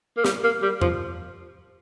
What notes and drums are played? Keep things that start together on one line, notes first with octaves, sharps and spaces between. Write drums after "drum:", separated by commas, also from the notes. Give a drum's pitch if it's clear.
A#3
G3, drum: snare
A#3
G3
F3, drum: tom E2